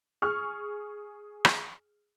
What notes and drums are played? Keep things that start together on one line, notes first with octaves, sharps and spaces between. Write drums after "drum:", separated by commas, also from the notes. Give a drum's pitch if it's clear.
G#4 C#6 F6
drum: rim click